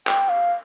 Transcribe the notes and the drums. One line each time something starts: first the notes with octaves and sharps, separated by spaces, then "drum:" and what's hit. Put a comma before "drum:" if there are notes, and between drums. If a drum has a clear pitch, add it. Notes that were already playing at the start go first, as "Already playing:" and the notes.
G5, drum: clap
F5